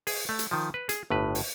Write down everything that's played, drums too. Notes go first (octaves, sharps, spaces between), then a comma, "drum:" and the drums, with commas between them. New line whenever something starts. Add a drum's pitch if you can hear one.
G#4, drum: open hi-hat
A3
drum: hi-hat
D#3 F3
B4
G#4, drum: hi-hat
G1 A2 B4
drum: open hi-hat